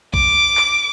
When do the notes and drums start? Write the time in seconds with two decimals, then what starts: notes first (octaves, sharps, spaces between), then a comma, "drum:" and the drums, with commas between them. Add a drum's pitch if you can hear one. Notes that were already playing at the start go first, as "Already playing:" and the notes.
0.14 D6, drum: kick A#1
0.57 drum: clap